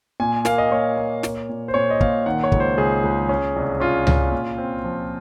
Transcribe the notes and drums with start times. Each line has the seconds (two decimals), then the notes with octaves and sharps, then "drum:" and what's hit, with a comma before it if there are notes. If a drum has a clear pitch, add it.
0.20 A#2 G#5
0.45 A#3 F5, drum: snare
0.58 D#5
0.71 A#3 C#5
0.97 A#3
1.23 A#2, drum: snare
1.49 A#2
1.68 C5
1.74 A#2 C#5
1.90 D#5
2.01 A#2 F5, drum: kick
2.26 D#3 F#5
2.44 C#5
2.52 C#2, drum: kick
2.60 C5
2.78 C#2 G#4
3.04 C#2
3.29 C#4
3.56 C2
3.80 C#4 F4
4.07 C#4, drum: tom C#2
4.32 A#2
4.58 C4
4.84 F3